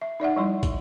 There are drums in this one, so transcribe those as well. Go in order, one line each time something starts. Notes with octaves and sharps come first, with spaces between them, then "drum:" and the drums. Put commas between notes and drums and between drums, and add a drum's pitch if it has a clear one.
E5
D#4 D5 E5 F#5
F3 G3 E4
drum: kick, hi-hat